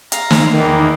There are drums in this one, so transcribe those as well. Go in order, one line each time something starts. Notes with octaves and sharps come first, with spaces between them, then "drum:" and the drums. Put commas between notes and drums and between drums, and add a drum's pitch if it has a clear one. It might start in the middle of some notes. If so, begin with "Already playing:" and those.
F5 A#5, drum: hi-hat
drum: snare
E2 D#3 A#3